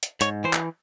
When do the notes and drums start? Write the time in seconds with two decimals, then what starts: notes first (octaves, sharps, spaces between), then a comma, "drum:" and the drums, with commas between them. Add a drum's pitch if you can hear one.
0.03 drum: hi-hat
0.21 G#2 C#5, drum: hi-hat
0.44 E3 C5
0.53 drum: clap